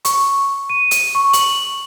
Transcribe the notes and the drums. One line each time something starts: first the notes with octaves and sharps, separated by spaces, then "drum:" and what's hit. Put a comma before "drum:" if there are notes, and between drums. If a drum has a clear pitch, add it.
C#6, drum: hi-hat
D#7
drum: hi-hat
C#6
F#7, drum: hi-hat